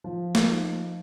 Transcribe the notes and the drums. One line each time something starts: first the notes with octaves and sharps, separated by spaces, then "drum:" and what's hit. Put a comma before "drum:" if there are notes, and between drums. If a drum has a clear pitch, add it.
F3
drum: snare
D#4